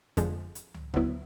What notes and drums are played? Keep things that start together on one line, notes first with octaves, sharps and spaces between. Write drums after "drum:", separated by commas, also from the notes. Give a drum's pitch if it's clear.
F2 D3 F3 G#3, drum: kick F1, hi-hat
drum: hi-hat
drum: tom C#2
D2 D3 F#3 B3 E4, drum: kick F1